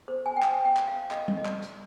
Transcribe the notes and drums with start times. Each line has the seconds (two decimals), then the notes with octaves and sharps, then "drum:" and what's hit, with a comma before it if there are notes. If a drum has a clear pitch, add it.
0.08 C5
0.26 G#5
0.36 G5
0.42 G#5, drum: clap
0.65 G5
0.77 drum: clap
0.88 F5
1.11 D#5, drum: clap
1.28 drum: tom G3
1.37 D#5
1.45 D5, drum: clap
1.62 drum: hi-hat